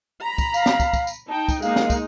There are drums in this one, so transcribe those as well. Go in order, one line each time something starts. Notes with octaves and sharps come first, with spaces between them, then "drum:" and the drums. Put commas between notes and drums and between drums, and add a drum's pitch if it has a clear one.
A#5 B5
drum: kick, tambourine
F5, drum: tambourine
drum: snare
drum: kick, tambourine
drum: kick, tambourine
drum: tambourine
D#4 G5 A5
drum: kick, tambourine
G#3 A#3 D#4 F5, drum: tambourine
drum: snare
drum: kick, tambourine